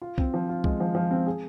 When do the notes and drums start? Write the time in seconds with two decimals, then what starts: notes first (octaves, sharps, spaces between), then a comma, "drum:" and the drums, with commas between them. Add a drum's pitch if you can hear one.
0.02 F4
0.18 C4, drum: kick B1
0.34 F3
0.49 F4
0.64 G#3, drum: kick B1
0.80 F3
0.95 F3
1.11 C4
1.26 G#4